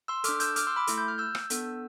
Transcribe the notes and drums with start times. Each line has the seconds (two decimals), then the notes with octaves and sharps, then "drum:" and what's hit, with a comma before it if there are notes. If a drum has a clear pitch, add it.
0.08 C6 E6
0.24 D4 A4 D6 F6, drum: hi-hat
0.40 E6 G6, drum: hi-hat
0.56 D6 F6, drum: hi-hat
0.67 C6 E6
0.76 B5 D6
0.87 A3 E4 A4, drum: hi-hat
0.98 G6
1.08 F6
1.18 E6 G6
1.35 drum: rim click
1.50 B3 D4 A4, drum: hi-hat